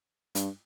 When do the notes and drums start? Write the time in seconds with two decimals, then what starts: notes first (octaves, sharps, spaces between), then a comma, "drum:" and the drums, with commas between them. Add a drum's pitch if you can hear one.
0.35 G2, drum: hi-hat